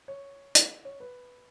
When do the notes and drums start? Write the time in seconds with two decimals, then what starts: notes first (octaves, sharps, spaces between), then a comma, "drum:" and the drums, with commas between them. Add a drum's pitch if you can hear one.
0.08 C#5
0.55 drum: hi-hat
0.85 C#5
1.00 B4